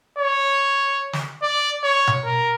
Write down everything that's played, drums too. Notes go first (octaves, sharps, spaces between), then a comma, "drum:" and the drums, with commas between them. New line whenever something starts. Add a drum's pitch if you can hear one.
C#5
drum: snare
D5
C#5
drum: tom B2
A#4